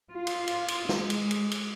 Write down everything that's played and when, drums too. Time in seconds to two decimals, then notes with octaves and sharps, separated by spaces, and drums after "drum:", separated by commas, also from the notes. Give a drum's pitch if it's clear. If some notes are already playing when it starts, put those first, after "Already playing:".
0.12 F4
0.27 drum: cymbal
0.48 drum: cymbal
0.68 drum: cymbal
0.89 G#3, drum: snare
1.10 drum: cymbal
1.31 drum: cymbal
1.51 drum: cymbal